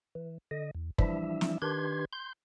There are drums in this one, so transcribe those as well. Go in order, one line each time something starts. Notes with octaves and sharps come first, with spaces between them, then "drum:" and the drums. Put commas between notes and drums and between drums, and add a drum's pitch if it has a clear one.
E3
D3 D#5
E2
E3 F3 G3 D4 E4 E5, drum: kick
drum: snare
D#3 D4 G4 B4 C6 G#6
C6 G6